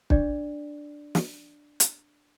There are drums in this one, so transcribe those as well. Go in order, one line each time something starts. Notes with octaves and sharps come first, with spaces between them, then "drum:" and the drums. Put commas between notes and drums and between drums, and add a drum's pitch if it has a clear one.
D4 D5, drum: kick
drum: snare
drum: hi-hat